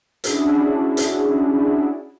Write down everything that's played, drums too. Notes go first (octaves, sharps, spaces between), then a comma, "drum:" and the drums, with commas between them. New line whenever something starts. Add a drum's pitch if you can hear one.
C#4 D4 E4 F#4 G#4, drum: hi-hat
drum: hi-hat